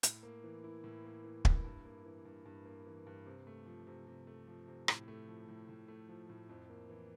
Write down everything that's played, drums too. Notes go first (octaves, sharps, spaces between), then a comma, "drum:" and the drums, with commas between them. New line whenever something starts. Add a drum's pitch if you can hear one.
A2, drum: hi-hat
A#3
E3
E4
A2
A#3
E3
E4, drum: kick
G2
A#3
E3
G2
G2
A#3
E3
G2
C3
A3
F3
C3
C3
A3
F3
C3
A2, drum: rim click
A3
F3
A2
A2
A3
F3
A2
F2
A#3
E3